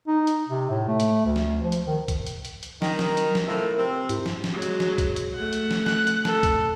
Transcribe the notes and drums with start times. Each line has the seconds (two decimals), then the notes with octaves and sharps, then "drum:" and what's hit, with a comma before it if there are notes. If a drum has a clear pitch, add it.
0.07 D#4
0.27 drum: hi-hat
0.48 C3
0.70 A2
0.88 A3
1.00 drum: hi-hat
1.25 D2
1.36 drum: snare
1.62 F3
1.72 drum: hi-hat
1.86 D#3
2.08 drum: kick, hi-hat
2.26 drum: hi-hat
2.45 drum: hi-hat
2.63 drum: hi-hat
2.82 D#3 F#3, drum: snare
2.99 drum: snare
3.17 drum: hi-hat
3.35 drum: snare
3.47 A2 F3 A#4 E5
3.78 C3 C4
4.09 G#2 E4 G4, drum: hi-hat
4.26 drum: snare
4.44 drum: snare
4.53 F#3 G#3
4.62 drum: hi-hat
4.80 drum: snare
4.98 drum: kick, hi-hat
5.16 drum: hi-hat
5.35 A3 F#5
5.53 drum: hi-hat
5.71 drum: snare
5.86 F#6, drum: snare
6.07 drum: hi-hat
6.25 A4, drum: snare
6.43 drum: kick, hi-hat